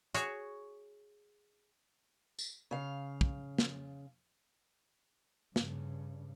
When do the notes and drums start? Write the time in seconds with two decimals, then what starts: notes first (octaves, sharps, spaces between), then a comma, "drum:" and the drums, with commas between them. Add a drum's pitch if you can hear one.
0.14 F#4 G#4 C#5, drum: hi-hat
2.39 drum: tambourine
2.71 C#3 F5
3.21 drum: kick
3.58 drum: snare
5.56 G2 C#3, drum: snare